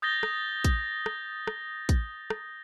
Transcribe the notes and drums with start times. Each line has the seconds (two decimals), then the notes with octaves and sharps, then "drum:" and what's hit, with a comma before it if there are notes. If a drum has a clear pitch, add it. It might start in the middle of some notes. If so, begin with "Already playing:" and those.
0.02 D#6 G6 A6 A#6 G7
0.23 drum: rim click
0.64 drum: kick, hi-hat
1.06 drum: rim click
1.47 drum: rim click
1.89 drum: kick, hi-hat
2.30 drum: rim click